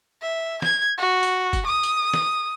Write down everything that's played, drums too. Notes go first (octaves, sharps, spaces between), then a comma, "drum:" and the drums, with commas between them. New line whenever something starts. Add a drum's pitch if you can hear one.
E5
G#6, drum: snare
F#4
drum: tambourine
drum: kick, tambourine
D#6
drum: tambourine
drum: snare